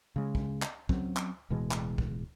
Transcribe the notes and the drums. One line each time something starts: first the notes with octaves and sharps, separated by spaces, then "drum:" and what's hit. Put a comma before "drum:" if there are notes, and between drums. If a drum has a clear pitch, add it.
C#3 G#3
drum: kick
drum: clap
F#3 C4 C#4, drum: kick
drum: clap
D1 B2 E3 G#3
drum: clap
drum: kick